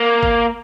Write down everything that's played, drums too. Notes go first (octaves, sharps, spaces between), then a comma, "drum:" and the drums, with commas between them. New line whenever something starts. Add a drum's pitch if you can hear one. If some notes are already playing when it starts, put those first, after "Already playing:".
Already playing: A#3
drum: kick